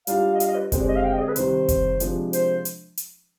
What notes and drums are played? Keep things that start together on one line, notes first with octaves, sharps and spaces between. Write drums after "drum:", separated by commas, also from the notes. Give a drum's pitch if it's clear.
G3 D4 F4 F5, drum: hi-hat
D#5
F5, drum: hi-hat
D#5
B4
D3 G#3 C4 G4 C5, drum: kick F#1, hi-hat
D5
D#5
F5
G5
D#5
G#4
B4
C3 D#3 G3 C5, drum: hi-hat
drum: kick F#1, hi-hat
C3 F3 G#3 D4 F4, drum: hi-hat
C5, drum: hi-hat
drum: hi-hat
drum: hi-hat